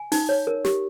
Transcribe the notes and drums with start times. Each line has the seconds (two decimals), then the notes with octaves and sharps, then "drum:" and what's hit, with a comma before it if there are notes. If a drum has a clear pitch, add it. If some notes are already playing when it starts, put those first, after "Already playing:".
Already playing: G#5
0.12 D#4, drum: open hi-hat
0.29 C#5
0.47 A#4
0.65 G4, drum: snare